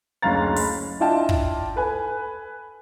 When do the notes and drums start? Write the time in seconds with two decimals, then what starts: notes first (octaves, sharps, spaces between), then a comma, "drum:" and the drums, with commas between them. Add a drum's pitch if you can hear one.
0.22 F#1 D2 C#4 F5 A#5 A6
0.56 B5, drum: open hi-hat
1.00 D4 E4 F4 D#5 G5 A5
1.29 drum: kick
1.76 A4 B4 G#5